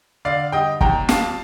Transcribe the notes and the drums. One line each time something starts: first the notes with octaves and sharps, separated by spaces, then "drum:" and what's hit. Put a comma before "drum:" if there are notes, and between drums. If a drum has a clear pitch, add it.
D3 D5 F5
G3 D#5 G5
D#2 G5 A#5, drum: kick
G3 F5 A5, drum: snare